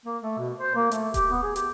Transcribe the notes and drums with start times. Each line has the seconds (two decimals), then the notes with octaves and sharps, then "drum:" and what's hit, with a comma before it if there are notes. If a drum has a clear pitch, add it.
0.06 A#3
0.22 A3
0.38 B2
0.60 C5
0.75 A#3
0.91 A3, drum: hi-hat
1.14 G4, drum: kick D#1, hi-hat
1.31 B3
1.43 G#4
1.56 G4, drum: hi-hat